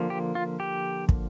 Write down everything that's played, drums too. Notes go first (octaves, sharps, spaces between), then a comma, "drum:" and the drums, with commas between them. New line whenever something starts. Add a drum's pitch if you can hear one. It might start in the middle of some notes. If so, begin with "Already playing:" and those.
Already playing: D3 F3 A#3
G4
F4
G4
drum: kick